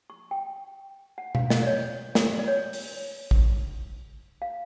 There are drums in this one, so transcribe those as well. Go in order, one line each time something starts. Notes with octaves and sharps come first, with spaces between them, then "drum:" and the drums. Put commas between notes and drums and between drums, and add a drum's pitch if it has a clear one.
C#6
G5
F#5
F5, drum: tom B2
D#5, drum: snare
D5
C#5
drum: snare
D5
C#5
drum: open hi-hat
drum: kick A1
F5